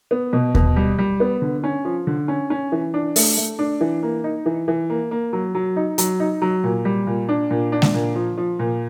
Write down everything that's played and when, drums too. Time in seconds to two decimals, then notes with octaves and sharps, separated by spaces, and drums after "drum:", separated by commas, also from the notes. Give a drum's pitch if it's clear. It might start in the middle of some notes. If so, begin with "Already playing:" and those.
0.11 B3
0.33 B2
0.55 B2, drum: kick D#2
0.76 G3
0.98 G3
1.20 B3
1.42 D3
1.64 C#4
1.85 F3
2.07 D3
2.28 C#4
2.50 C#4
2.72 E3
2.94 D4
3.16 A3, drum: open hi-hat
3.37 A3
3.59 D4
3.81 E3
4.03 A#3
4.24 D#4
4.46 E3
4.68 E3
4.90 A#3
5.11 A#3
5.33 F#3
5.55 F#3
5.76 D#4
5.98 F#3, drum: hi-hat
6.20 D#4
6.42 F#3
6.64 A#2
6.85 G3
7.07 A#2
7.29 D4
7.50 A#2
7.72 D4
7.82 drum: snare G#3
7.94 A#2
8.16 F3
8.38 F3
8.59 A#2